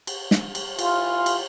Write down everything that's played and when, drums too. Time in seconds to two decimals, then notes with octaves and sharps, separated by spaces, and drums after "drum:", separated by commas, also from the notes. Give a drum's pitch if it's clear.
0.07 drum: cymbal
0.31 drum: snare
0.55 drum: cymbal
0.79 E3 F4, drum: cymbal
1.26 drum: cymbal